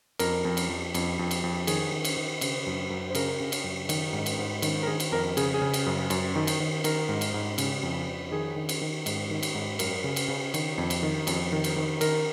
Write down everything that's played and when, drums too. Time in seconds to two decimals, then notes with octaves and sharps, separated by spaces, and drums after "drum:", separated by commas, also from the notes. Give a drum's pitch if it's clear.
0.19 F2 A#4, drum: cymbal
0.45 F2
0.57 drum: cymbal
0.69 F2
0.94 F2, drum: cymbal
1.19 F2
1.31 drum: cymbal
1.44 F2
1.67 D#3 G#4, drum: cymbal
1.92 D#3
2.05 drum: cymbal
2.17 D#3
2.41 C#3, drum: cymbal
2.66 F#2
2.90 F#2
3.10 C5
3.15 C#3 A#4, drum: cymbal
3.40 C#3
3.52 drum: cymbal
3.64 F#2
3.89 D#3, drum: cymbal
4.13 G#2
4.26 drum: cymbal
4.39 G#2
4.62 D#3, drum: cymbal
4.83 A#4
4.87 D#3 G#4
5.00 drum: cymbal
5.12 F2 A#4
5.37 C#3 G#4, drum: cymbal
5.54 G#4
5.61 C#3
5.74 drum: cymbal
5.86 F#2
6.10 F#2, drum: cymbal
6.36 D#3
6.47 drum: cymbal
6.60 D#3
6.84 D#3 A#4, drum: cymbal
7.09 G#2
7.21 drum: cymbal
7.34 G#2
7.58 C#3, drum: cymbal
7.83 F2
8.07 F2
8.32 D#3 G#4
8.56 D#3
8.69 drum: cymbal
8.82 D#3
9.06 G#2, drum: cymbal
9.30 D#3
9.43 drum: cymbal
9.55 G#2
9.79 F#2 A#4, drum: cymbal
10.04 C#3
10.16 drum: cymbal
10.28 C#3
10.54 D#3, drum: cymbal
10.78 F2
10.90 drum: cymbal
11.03 D#3
11.27 F2, drum: cymbal
11.52 D#3
11.64 drum: cymbal
11.76 D#3
12.01 D#3 A#4, drum: cymbal